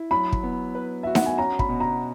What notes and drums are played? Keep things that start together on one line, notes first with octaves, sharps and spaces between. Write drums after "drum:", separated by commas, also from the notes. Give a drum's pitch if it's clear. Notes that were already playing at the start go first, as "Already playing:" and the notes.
Already playing: E4
F#3 B5
drum: kick
B3
B4
F#4 E5
F#5, drum: snare D#4
G#5
C#4 A#5
B5, drum: kick
B2
A#5